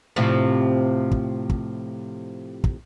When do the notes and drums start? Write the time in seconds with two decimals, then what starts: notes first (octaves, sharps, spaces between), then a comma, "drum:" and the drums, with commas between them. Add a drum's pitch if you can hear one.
0.16 A2 C3 F3
1.11 drum: kick
1.50 drum: kick
2.64 drum: kick